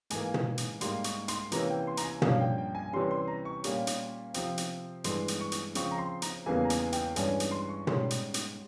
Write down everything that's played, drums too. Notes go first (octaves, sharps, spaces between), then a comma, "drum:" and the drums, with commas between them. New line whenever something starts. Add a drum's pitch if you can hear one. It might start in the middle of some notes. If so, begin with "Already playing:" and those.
G#2 E3 A#3 G#5, drum: hi-hat
drum: tom
drum: hi-hat
G#2 G3 A#3 C6, drum: hi-hat
C#6, drum: hi-hat
C6, drum: hi-hat
C3 E3 A#3 C#4 A#5, drum: hi-hat
G5
C6
A#5, drum: hi-hat
G#5
G2 F3 A#3 C#4 F5, drum: tom
G5
G5
G#5
C3 E3 G3 C#4 C6
C6
A#5
C#6
A#2 G3 A#3 C#4, drum: hi-hat
drum: hi-hat
C3 F3 C4, drum: hi-hat
drum: hi-hat
G2 E3 G#3 C6, drum: hi-hat
drum: hi-hat
C#6
drum: hi-hat
C#3 F3 C4 C#6, drum: hi-hat
A#5
C6
A#5, drum: hi-hat
E2 C#3 E3 G3 A#3 G#5
A#5
G#5, drum: hi-hat
G5, drum: hi-hat
G2 E3 G#3 C#4 G#5, drum: hi-hat
drum: hi-hat
C6
C#6
G#2 G3 C#4 C6, drum: tom
drum: hi-hat
drum: hi-hat